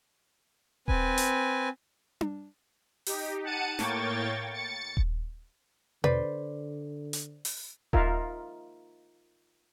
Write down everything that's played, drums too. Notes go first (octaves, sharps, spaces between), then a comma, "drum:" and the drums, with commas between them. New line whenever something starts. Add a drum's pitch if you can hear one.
C4 B4 G#5, drum: kick D#1
drum: hi-hat
drum: tom D4
D#4 G4, drum: open hi-hat
F#5 A5 A6 C#7 D#7
A2 A#3 C#5 G5 C#6 A6, drum: snare
A6 C#7
drum: kick D#1
D3 B4 C5 D5, drum: tom B2
drum: hi-hat
drum: open hi-hat
D#4 F4 A#4 E5 F5, drum: kick D#1